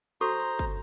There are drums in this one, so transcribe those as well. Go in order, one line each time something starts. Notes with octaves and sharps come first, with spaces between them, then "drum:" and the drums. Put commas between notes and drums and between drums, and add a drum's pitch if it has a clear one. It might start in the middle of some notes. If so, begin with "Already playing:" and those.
F#4 A4 C5 A#5 C#6
drum: hi-hat
drum: kick